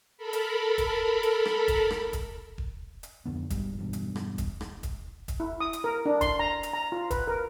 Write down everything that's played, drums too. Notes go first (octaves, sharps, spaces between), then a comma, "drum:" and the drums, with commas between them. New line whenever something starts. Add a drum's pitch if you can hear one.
A4 A#4 B5
drum: hi-hat
drum: kick E1, hi-hat
drum: hi-hat
drum: rim click
drum: kick E1, hi-hat
drum: rim click
drum: kick E1, hi-hat
drum: kick E1
drum: hi-hat
F2 D3 B3
G#1 C#2 G#2 G3, drum: kick E1, hi-hat
E2 G2 B2
drum: hi-hat
drum: rim click
drum: kick E1, hi-hat
drum: rim click
drum: kick E1, hi-hat
drum: kick E1, hi-hat
E4
D#6
drum: hi-hat
A#4
D4
C6, drum: kick E1, hi-hat
A#5
drum: hi-hat
A#5
F4
B4, drum: kick E1, hi-hat
A#4